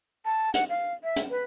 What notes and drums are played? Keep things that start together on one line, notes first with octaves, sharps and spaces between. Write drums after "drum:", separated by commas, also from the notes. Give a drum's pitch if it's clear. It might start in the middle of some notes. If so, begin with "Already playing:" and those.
A5
F#5, drum: hi-hat
F5
E5
drum: hi-hat
B4